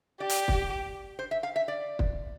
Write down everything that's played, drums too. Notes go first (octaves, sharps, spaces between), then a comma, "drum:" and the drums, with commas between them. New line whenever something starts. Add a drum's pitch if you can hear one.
G4 D5
drum: hi-hat
drum: kick
C5
E5
F5
E5
D5
drum: kick